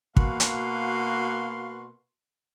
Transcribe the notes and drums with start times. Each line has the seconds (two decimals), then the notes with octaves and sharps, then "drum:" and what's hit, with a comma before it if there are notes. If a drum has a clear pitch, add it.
0.17 B2 A#3 F#4 F5 C6, drum: kick
0.40 drum: hi-hat